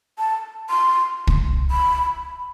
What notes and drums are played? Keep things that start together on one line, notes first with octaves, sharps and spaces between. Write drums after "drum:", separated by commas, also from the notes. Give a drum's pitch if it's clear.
A5
C6
drum: kick
B5